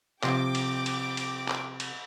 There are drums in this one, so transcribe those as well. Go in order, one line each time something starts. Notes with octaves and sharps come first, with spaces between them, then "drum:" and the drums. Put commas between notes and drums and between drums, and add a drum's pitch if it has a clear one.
C3 F3 C4 G5 D6, drum: clap
drum: cymbal
drum: cymbal
drum: cymbal
drum: clap
drum: cymbal